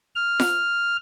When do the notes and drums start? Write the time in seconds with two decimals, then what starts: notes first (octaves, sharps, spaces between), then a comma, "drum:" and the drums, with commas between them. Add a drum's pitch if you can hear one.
0.16 F6
0.40 drum: snare F4